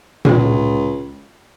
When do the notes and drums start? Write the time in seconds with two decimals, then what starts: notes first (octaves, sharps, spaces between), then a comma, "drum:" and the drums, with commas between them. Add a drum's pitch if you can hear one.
0.25 C#2, drum: tom A#2